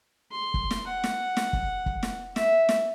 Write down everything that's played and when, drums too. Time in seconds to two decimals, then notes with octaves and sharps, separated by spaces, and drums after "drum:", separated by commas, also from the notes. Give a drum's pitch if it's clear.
0.32 C6
0.54 drum: kick
0.71 drum: snare
0.87 F#5
1.04 drum: snare
1.37 drum: snare
1.53 drum: kick
1.86 drum: kick
2.03 drum: snare
2.36 E5, drum: snare
2.69 drum: snare